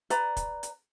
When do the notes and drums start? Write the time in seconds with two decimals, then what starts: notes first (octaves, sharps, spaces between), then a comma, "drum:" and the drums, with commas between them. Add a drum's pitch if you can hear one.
0.10 B4 D5 A#5, drum: hi-hat
0.37 drum: kick, hi-hat
0.63 drum: hi-hat